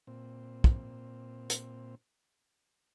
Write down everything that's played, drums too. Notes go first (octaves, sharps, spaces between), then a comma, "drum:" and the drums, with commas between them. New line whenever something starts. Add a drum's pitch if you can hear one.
A#2 C4
drum: kick
drum: hi-hat